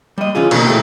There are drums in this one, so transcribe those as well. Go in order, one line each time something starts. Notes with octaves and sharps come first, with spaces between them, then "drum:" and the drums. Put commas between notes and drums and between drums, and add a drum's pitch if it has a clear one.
G3 D#5
E3 C#4 F4 G#4
B1 B2 D#3 A#3, drum: cymbal
A#2 A3 E4 G5